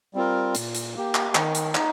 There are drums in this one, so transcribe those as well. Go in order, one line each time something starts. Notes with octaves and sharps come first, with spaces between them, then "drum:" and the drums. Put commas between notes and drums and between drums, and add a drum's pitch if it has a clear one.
G3 C4 F4 A#4
A#2, drum: hi-hat
drum: hi-hat
A#3 G4
drum: clap
D#3, drum: clap
drum: hi-hat
D#4, drum: clap